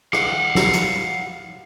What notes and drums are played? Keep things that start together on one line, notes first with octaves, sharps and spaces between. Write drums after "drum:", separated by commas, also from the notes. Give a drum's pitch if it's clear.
F5 F#5, drum: rim click
drum: snare
drum: hi-hat